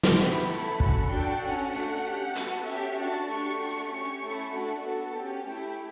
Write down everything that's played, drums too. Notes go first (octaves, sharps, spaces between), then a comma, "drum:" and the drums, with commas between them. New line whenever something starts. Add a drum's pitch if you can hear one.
drum: snare
B3 E4 G4 B5
A3 E4 A4
C#4 F#4 A4, drum: kick
D4 F#4 A4 G5
C#4 F#4 A4 F#5
A3 D4 F#4
C#4 G4
B3 F#4 A4, drum: hi-hat
C#4 G4 E5
D4 F#4 A4 A5
A3 D4 G4 C#6
A3 D4 F#4
C#4 G4 C#6
A3 C#4 E4 A4
A3 D4 F#4 A4
B3 F#4 A4
C#4 G4
A3 E4 G4